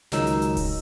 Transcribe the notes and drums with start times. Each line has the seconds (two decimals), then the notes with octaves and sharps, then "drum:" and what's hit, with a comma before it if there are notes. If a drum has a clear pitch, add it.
0.12 C#2 D#3 F#3 G#3 D#4 E6, drum: snare
0.27 drum: hi-hat
0.42 drum: hi-hat
0.57 drum: kick D1, open hi-hat